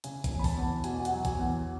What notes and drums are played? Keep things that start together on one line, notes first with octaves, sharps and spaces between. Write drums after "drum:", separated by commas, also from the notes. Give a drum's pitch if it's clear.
C#3 G#5, drum: hi-hat
G#5, drum: kick, hi-hat
E1
B5
A5, drum: kick, open hi-hat
E2
B2 G#5, drum: hi-hat
G#5
F#5, drum: hi-hat
F#3
G#5, drum: kick, hi-hat
E2